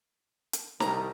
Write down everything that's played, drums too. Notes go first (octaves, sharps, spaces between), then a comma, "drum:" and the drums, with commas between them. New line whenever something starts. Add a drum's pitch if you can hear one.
drum: hi-hat
C2 D#3 A#5, drum: snare